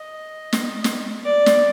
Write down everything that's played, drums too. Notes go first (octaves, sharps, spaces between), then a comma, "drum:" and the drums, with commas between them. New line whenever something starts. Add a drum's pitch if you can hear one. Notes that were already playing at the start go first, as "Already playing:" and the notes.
Already playing: D#5
drum: snare
drum: snare
D5
drum: snare